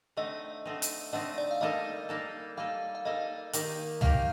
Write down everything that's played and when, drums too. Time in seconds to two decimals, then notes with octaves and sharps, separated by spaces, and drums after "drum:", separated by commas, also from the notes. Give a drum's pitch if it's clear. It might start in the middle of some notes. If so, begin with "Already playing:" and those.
0.17 D3 A3 C4 D#4 D#5
0.65 D3 A3 C4 D#4
0.82 drum: hi-hat
1.13 D3 A3 C4 D#4 D#5
1.38 D5
1.51 F5
1.61 G3 A#3 D#4 A4 D#5
2.09 G3 A#3 D#4 A4
2.57 G3 A#3 D#4 A4 F5
2.95 F5
3.05 G3 A#3 D#4 A4 D#5
3.53 D#3 A#3 D#4 G4, drum: hi-hat
4.01 D#3 A#3 D#4 G4 F5, drum: tom